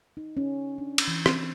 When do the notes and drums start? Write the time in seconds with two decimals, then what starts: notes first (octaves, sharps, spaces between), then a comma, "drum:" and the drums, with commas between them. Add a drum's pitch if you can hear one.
0.17 D#4
0.37 C#4
0.78 D4
0.98 drum: cymbal
1.08 E3
1.26 C4, drum: rim click